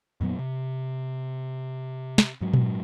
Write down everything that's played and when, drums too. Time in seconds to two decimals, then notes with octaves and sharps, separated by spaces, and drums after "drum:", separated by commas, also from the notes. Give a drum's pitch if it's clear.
0.21 F2 A#2 F#3 B3
0.39 C3
2.18 drum: snare
2.41 G#2 F#3
2.54 drum: tom A#2